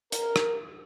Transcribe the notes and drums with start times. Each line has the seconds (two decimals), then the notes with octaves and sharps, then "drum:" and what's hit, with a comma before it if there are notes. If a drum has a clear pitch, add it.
0.12 A#4, drum: hi-hat
0.36 drum: rim click